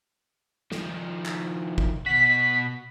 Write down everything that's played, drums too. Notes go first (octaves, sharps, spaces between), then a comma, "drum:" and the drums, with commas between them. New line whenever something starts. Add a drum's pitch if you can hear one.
D#3 F3, drum: snare
drum: clap
drum: kick
B2 F#4 B6